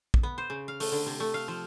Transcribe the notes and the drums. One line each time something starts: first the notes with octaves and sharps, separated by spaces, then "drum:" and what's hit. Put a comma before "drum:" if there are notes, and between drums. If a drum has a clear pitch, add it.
drum: kick A#1
B3
C5
C#3
F5
A3, drum: open hi-hat
D3
C3
A3
F5
F3